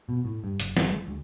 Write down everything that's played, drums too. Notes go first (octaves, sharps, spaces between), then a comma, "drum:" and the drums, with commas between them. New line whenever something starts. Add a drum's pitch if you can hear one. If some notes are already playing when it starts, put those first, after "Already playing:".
B2
A2
G2
F#1, drum: hi-hat
drum: snare
G#3
D2